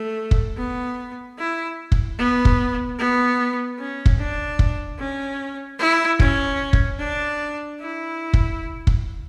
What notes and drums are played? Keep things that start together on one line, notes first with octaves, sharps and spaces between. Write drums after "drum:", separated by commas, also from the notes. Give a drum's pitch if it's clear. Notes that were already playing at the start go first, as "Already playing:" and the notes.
Already playing: A3
drum: kick
B3
E4
drum: kick
B3
drum: kick
B3
C#4
drum: kick
D4
drum: kick
C#4
E4
C#4, drum: kick
drum: kick
D4
E4
drum: kick
drum: kick